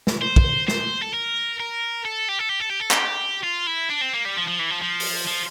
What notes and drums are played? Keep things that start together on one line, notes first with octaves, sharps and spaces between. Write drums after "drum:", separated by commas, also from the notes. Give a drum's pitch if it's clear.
drum: snare
C5
drum: kick
C5, drum: snare
A4
A#4
A#4
A4
G4
A4
G4
A4
G4
A4
G4, drum: clap
F4
E4
D4
C4
A#3
G3
F3
F3
E3
F3
F3
drum: open hi-hat
F3